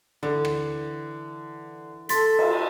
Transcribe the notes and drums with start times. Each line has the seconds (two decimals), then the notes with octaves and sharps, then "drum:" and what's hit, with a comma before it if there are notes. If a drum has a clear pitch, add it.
0.23 D3 E3
0.45 drum: rim click
2.09 A4 C6 A6 B6, drum: hi-hat
2.39 drum: cymbal